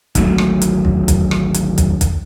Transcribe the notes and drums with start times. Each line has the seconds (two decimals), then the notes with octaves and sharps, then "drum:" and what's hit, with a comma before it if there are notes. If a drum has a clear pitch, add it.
0.15 G#1 D2 F#3 A3, drum: kick, hi-hat
0.38 drum: rim click
0.62 drum: hi-hat
0.85 drum: kick
1.08 drum: kick, hi-hat
1.31 drum: rim click
1.54 drum: hi-hat
1.78 drum: kick, hi-hat
2.01 drum: kick, hi-hat